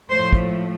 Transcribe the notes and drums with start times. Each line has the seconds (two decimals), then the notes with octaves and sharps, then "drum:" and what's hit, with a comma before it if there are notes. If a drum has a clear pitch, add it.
0.11 A2 F3 A3 C5
0.33 drum: kick